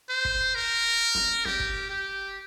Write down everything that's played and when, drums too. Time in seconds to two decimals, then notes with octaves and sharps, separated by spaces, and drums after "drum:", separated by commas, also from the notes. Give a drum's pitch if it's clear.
0.09 C5
0.25 drum: kick
0.55 A#4
1.15 drum: snare
1.45 G4, drum: snare
1.60 drum: kick
1.90 G4